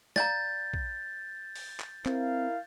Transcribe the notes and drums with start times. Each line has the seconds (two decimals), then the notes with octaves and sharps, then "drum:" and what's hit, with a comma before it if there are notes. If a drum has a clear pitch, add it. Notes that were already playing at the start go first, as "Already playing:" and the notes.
0.16 D5 F5 A#5 G6 A6, drum: snare
0.74 drum: kick
1.55 drum: open hi-hat
1.80 drum: clap
2.06 C4 E4 A#4 F5, drum: clap